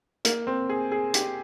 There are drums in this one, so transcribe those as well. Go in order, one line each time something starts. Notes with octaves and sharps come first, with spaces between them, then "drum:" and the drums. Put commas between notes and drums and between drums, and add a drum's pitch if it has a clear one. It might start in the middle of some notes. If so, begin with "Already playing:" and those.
A#3, drum: hi-hat
C4
G#4
G#4
G4, drum: hi-hat